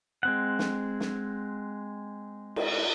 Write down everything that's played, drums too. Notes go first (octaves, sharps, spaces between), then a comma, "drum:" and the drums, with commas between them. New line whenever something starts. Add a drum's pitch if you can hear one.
G#3 C4 F#5
drum: snare
drum: snare
drum: cymbal